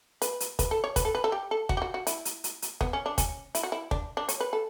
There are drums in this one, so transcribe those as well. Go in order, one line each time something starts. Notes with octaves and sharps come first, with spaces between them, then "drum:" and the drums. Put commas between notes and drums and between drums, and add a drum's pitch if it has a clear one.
B4, drum: hi-hat
drum: hi-hat
B4, drum: kick, hi-hat
A4
C#5
B4, drum: kick, hi-hat
A4
B4
A4
G4
A4
F#4, drum: kick
G4
F#4
F#4
E4, drum: hi-hat
drum: hi-hat
drum: hi-hat
drum: hi-hat
B3, drum: kick
C#4
D4
C#4, drum: kick, hi-hat
E4, drum: hi-hat
F#4
E4
D4, drum: kick
D4
C#5, drum: hi-hat
B4
A4